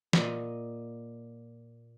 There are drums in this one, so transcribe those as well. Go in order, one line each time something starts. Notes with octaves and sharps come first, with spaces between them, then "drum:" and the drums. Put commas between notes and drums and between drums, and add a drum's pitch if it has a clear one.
A#2 D#5, drum: snare